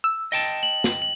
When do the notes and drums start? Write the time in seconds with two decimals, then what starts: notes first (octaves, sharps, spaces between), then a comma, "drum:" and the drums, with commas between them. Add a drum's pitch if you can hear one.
0.04 E6
0.32 D#5 G5 A5
0.63 F#7
0.84 drum: snare
1.02 F#7